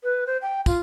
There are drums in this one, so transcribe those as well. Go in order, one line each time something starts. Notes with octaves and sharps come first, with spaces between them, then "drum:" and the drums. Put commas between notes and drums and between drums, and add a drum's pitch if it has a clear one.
B4
C5
G5
F4, drum: kick, tambourine